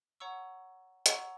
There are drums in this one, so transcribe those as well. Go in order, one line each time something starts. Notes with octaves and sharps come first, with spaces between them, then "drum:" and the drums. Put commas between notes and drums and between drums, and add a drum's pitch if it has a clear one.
C#5 F#5 A#5 C#6 E6
C#5 F#5 A#5 C#6 E6, drum: hi-hat